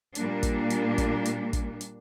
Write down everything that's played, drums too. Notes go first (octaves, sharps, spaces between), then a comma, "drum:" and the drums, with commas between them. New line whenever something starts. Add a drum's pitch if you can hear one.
A#2 G3 A#3 D4, drum: hi-hat
drum: kick, hi-hat
drum: hi-hat
drum: kick, hi-hat
drum: hi-hat
drum: kick, hi-hat
drum: hi-hat